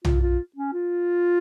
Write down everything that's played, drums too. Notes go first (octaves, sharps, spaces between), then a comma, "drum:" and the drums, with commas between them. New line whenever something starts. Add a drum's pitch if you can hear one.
F4, drum: tom B1
F4
C#4
F4